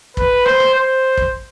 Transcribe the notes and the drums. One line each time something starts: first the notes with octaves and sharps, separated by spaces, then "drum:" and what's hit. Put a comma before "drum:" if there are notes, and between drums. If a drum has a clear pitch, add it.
B4, drum: kick
C5, drum: rim click
drum: rim click
C5
drum: kick